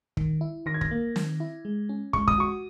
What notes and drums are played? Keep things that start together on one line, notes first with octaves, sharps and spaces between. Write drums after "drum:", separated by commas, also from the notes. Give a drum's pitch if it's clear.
D#3, drum: kick
E4
D#3 A#6
G#6
A#6, drum: kick
A#3
D#3, drum: snare
E4
G#3
C#4
G#3 C#6, drum: kick
D#6, drum: kick
F#4 C#6